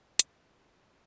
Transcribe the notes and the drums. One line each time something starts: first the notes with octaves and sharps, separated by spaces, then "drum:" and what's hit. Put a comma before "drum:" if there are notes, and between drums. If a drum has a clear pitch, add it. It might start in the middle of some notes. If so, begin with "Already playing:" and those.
C4 G4, drum: hi-hat